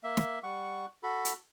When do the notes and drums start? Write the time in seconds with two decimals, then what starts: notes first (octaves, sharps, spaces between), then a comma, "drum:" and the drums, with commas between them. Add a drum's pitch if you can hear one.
0.03 A#3 E5
0.17 drum: snare
0.43 G3 F#5 C#6
1.03 F#4 A4 B5
1.25 drum: hi-hat